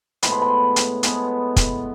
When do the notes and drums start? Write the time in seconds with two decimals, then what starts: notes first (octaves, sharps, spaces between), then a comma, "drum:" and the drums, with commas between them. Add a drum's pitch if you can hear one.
0.23 A2 G#3 B3 B5, drum: hi-hat
0.32 C6
0.42 B5
0.76 drum: hi-hat
1.03 A2 G#3 B3, drum: hi-hat
1.56 drum: kick, hi-hat